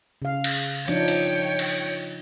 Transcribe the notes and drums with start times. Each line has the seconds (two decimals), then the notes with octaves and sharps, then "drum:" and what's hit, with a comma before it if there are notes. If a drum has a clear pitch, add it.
0.22 C#3 F5
0.44 drum: cymbal
0.88 F3 D4 D#4 C#5 G5, drum: hi-hat
1.08 drum: cymbal
1.59 drum: cymbal